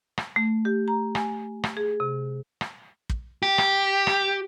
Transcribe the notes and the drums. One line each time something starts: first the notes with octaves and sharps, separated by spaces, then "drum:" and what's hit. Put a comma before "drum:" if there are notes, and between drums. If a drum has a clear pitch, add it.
drum: rim click
A3
G4
A#5
G#5, drum: rim click
drum: rim click
G#4
C3
drum: rim click
drum: kick
G4
drum: rim click
drum: rim click